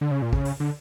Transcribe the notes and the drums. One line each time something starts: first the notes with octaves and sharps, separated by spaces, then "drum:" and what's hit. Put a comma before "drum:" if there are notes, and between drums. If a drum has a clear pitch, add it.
D3
C#3
A#2
C#3, drum: kick
drum: open hi-hat
D3